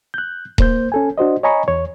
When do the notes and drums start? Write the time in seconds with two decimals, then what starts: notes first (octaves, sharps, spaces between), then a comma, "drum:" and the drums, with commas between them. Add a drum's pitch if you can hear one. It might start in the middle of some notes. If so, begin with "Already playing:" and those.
0.14 F#6 G6
0.58 A#3 C5 G6, drum: kick D#1
0.92 C#4 A4 G#5
1.18 D4 F#4 C5 D#5
1.43 C#5 D#5 G#5 A#5 B5 C#6
1.68 E2 C#5